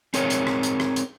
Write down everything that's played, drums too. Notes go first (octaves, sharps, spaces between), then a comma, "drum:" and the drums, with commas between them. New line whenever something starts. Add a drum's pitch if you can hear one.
C4 G#4 A#4 C#5, drum: hi-hat
drum: hi-hat
drum: rim click
drum: hi-hat
drum: rim click
drum: hi-hat